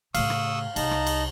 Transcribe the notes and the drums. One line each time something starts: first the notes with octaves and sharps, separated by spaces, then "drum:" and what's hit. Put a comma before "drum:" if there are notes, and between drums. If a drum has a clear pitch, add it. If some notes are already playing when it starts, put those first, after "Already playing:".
A2 C#3 F5 C#6 D#6 E6, drum: cymbal
drum: rim click
C2 D#4 A5 A#5, drum: cymbal
drum: rim click
drum: cymbal